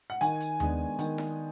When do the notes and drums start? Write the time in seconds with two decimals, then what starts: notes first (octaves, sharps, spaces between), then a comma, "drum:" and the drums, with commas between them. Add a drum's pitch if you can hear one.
0.10 F#5
0.21 D#3 G#5, drum: hi-hat
0.40 drum: hi-hat
0.60 G#3 B3 D4, drum: tom D#2
0.99 D#3, drum: hi-hat
1.18 drum: snare E4